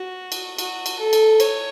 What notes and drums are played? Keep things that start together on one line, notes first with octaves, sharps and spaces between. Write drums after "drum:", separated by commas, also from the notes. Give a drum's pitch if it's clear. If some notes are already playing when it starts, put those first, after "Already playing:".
Already playing: F#4
drum: cymbal
F#4, drum: cymbal
drum: cymbal
A4
drum: cymbal
C#5, drum: cymbal